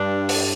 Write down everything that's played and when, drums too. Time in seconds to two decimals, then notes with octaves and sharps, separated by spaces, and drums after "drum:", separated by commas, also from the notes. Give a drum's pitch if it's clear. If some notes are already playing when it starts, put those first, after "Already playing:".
Already playing: G2 D4
0.29 drum: open hi-hat